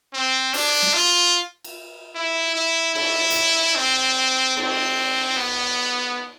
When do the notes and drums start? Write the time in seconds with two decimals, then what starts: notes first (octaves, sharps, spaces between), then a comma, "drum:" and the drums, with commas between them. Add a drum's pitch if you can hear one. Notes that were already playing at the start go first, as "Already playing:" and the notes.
0.13 C4
0.54 D4, drum: open hi-hat
0.82 drum: snare
0.94 F4
1.64 drum: cymbal
2.15 E4
2.55 E4
2.95 E4, drum: cymbal
3.30 drum: hi-hat
3.76 C4
4.56 C4, drum: cymbal
5.37 B3